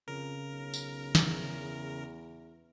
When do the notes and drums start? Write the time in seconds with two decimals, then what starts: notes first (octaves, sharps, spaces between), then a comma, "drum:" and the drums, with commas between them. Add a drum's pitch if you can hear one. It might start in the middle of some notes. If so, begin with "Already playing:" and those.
0.08 F2 C#3 A#4
0.52 B1
0.74 drum: tambourine
1.15 E2, drum: snare